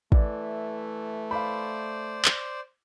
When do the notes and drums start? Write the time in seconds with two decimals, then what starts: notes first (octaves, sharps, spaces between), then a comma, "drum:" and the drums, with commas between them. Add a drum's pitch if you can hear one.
0.12 E3 A3 D5, drum: kick
1.31 C5 D5 F5 B5
2.25 drum: clap